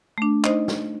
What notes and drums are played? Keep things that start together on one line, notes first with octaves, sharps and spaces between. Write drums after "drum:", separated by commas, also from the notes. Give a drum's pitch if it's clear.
A3 D4
D#4 C5 D#5, drum: clap
drum: snare